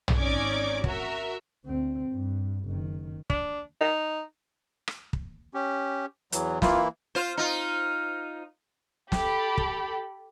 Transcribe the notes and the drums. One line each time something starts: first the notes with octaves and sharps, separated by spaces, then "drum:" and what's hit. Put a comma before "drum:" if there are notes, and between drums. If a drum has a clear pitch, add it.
drum: tom
G#1 C#4 D#4 D5 D6 G#6
F#4 A#4 E5, drum: kick
D2 C4
G2
F#1 D#3
D4, drum: kick
D#4
drum: rim click
drum: kick
C#4 G4
E2 E3 F#3, drum: hi-hat
E3 A#3 E4 F4, drum: snare
F4 C5
D#4 F4
G4 A4 B5, drum: snare
drum: kick